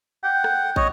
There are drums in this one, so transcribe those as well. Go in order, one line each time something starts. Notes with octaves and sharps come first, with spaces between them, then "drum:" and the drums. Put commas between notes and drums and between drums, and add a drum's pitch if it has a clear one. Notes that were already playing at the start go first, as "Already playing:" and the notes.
F#5 G5
drum: rim click
C#5 D#5, drum: kick